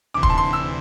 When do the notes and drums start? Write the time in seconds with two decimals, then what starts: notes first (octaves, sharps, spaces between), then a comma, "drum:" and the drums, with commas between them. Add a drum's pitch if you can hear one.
0.14 D2 C3 E3 D6
0.23 C6, drum: kick
0.30 A5
0.38 C6
0.53 E6